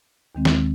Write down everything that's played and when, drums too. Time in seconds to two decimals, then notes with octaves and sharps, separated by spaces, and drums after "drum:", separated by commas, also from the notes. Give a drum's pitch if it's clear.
0.35 D#2 D#3 G#3 C4
0.45 drum: snare